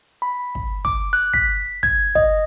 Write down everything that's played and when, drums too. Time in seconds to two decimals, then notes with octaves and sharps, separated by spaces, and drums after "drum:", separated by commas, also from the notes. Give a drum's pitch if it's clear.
0.22 B5
0.55 drum: kick
0.85 D6, drum: kick
1.13 F#6
1.34 B6, drum: kick
1.83 G#6, drum: kick
2.15 D#5, drum: kick